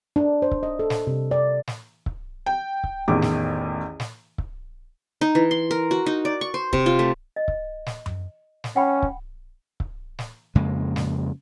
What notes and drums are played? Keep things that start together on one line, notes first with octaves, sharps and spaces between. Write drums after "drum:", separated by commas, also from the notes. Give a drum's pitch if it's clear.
D4
C5
drum: kick C#1
D#5
A4
drum: snare
C3
D5
drum: snare
drum: kick C#1
G5
drum: kick C#1
A1 E2 D#3 D6
drum: snare
drum: snare
drum: kick C#1
D#4
E3
C6
A#4
F#4
D#4
D5
C#6
C5
C3, drum: kick C#1
F4
A3
D#5
drum: kick C#1
drum: snare
drum: tom F#2
drum: snare
C#4 F#5 G5 B5
drum: kick C#1
drum: kick C#1
drum: snare
F2 C#3 G#3 A#3
drum: snare